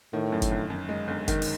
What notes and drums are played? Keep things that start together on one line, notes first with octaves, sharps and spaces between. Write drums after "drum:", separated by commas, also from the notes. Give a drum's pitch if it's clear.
A2 D#3
F#2
drum: kick, hi-hat
G1
F#2
G#3
G1
D#3, drum: kick, hi-hat
drum: open hi-hat